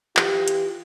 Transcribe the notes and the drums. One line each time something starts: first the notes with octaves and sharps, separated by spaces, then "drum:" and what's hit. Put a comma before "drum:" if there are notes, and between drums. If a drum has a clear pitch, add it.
E3 E4 F4 G4, drum: clap
drum: hi-hat